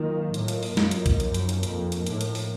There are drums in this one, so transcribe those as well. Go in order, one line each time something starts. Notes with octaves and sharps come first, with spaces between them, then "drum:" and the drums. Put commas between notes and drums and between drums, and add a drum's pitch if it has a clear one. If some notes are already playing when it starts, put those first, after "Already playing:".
Already playing: D#3 F#3 A#3 F4 A#4 D#5
A2, drum: hi-hat
drum: hi-hat
drum: open hi-hat
F#2, drum: snare
drum: hi-hat
drum: kick B1, hi-hat
F#2 F3 A#3 D#4 A#4, drum: hi-hat
drum: hi-hat
drum: hi-hat
F2, drum: hi-hat
drum: hi-hat
A2, drum: hi-hat
drum: hi-hat
drum: open hi-hat